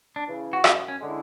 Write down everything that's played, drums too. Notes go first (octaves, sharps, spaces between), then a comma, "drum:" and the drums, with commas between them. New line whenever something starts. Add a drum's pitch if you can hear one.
D4
C#3 E3
F#4
F#2 E4, drum: rim click
C#4
D3 G#3 C#4 E4